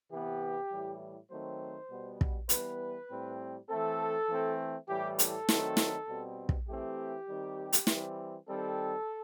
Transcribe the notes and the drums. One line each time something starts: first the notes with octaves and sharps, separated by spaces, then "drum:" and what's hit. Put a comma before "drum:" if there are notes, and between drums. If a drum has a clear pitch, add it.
C3 E3 B3 G4
A2 E3 G3
D#3 F#3 A3 C4 C5
B2 G3 B3
drum: kick
E3 G3 B3 B4, drum: hi-hat
A2 G3 C4
E3 A3 C4 A4
E3 A3 C4
A2 E3 G3 G4
A4, drum: hi-hat
D#3 F#3 A3 C4, drum: snare
drum: snare
B2 G3 C4
drum: kick
E3 A3 C4 G4
D#3 G3 C4
drum: hi-hat
E3 G3 C4, drum: snare
D#3 G3 C4 A4